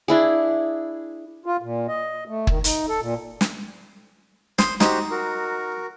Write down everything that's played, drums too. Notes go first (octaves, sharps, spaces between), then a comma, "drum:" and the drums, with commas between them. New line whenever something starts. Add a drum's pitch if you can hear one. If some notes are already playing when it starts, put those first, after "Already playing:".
D4 E4 G#4
F4
A#2
D#5
A3
D#3, drum: kick
D#4, drum: hi-hat
A4
A#2
drum: snare
C5 D#6, drum: snare
D#4 F#4 G4 C5, drum: snare
F#4 A#4